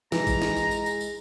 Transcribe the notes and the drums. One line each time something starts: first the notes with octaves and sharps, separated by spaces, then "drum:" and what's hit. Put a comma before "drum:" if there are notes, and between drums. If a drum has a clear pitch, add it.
E3 G#3 A#5, drum: snare
drum: kick, tambourine
drum: snare
drum: tambourine
drum: tambourine
drum: tambourine
drum: tambourine